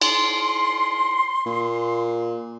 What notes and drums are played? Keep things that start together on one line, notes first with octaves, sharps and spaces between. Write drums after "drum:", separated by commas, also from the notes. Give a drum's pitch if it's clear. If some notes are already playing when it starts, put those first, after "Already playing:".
C6, drum: cymbal
A#2